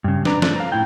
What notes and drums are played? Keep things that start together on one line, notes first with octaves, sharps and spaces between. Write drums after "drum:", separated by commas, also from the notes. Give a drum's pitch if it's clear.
G2 C#3
D4 B4 D5 A#5, drum: snare
A3 D4 F4 A4 C5, drum: snare
F5 A#5
A2 E4 G5